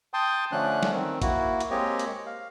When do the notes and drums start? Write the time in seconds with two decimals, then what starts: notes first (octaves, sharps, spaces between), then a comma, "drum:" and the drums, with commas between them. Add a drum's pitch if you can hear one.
0.14 G5 A5 C6 D#6
0.52 D3 F3 A3 C#4 D4 F#6
0.83 drum: snare
0.92 D#3 C4
1.22 A#3 E4 F#4, drum: kick A1, hi-hat
1.61 drum: hi-hat
1.70 G#3 A#3 C4 G4 C#5 D#5
1.99 drum: hi-hat
2.26 F5